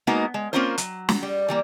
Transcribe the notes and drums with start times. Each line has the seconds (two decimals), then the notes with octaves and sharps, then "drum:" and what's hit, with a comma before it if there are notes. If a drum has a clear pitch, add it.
0.07 G#3 A#3 B3 D#4 F#4
0.34 G#3
0.53 A#3 C4 C#4 F4 A#4 C5
0.78 F#3, drum: hi-hat
1.09 drum: snare
1.23 G3
1.48 E3 G3 A#3